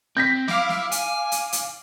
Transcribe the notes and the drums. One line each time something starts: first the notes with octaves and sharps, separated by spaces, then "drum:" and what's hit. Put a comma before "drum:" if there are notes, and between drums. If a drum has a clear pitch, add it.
C4 G6 A#6 B6
E4 F5 D6, drum: snare
drum: snare
G#5, drum: hi-hat
drum: hi-hat
drum: hi-hat